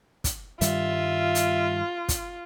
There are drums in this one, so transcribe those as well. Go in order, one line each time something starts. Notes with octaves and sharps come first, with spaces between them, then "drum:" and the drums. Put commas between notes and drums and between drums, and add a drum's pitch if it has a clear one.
drum: kick, hi-hat
G2 D#3 G3 F4 E5, drum: hi-hat
drum: hi-hat
drum: kick, hi-hat